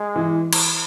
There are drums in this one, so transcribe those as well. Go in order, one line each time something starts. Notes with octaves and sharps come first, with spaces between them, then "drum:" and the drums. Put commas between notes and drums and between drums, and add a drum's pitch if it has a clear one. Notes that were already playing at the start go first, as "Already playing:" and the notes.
Already playing: G#3
E3
drum: cymbal